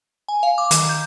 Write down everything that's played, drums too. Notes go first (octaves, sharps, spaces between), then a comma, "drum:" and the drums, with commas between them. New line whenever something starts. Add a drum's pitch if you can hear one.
G#5
F5
D6
D#3, drum: hi-hat
G6